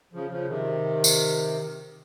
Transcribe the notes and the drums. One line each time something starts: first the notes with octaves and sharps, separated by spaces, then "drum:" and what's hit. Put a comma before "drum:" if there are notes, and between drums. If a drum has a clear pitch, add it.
C#3 F3
C#3 F3
C3 D#3
drum: tambourine